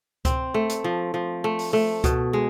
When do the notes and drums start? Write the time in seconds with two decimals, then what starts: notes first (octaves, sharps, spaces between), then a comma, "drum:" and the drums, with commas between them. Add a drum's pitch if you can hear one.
0.25 C4, drum: kick C#2, hi-hat
0.54 A3
0.69 drum: hi-hat
0.84 F3
1.14 F3
1.44 A3
1.59 drum: open hi-hat
1.73 A3
2.04 B2, drum: kick C#2, hi-hat
2.33 G#3